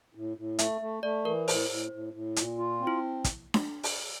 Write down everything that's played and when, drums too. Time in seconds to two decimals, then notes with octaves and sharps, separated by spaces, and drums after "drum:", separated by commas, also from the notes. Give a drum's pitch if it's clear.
0.15 A2
0.37 A2
0.59 A3 E5, drum: hi-hat
0.81 A3
1.03 A3 D5
1.25 E3 A#4
1.48 A2 C5, drum: open hi-hat
1.70 A2
1.92 A2
2.13 A2
2.36 A#2, drum: hi-hat
2.58 F4
2.81 C4
2.87 E4
3.24 drum: kick, hi-hat
3.54 drum: snare D4
3.83 drum: open hi-hat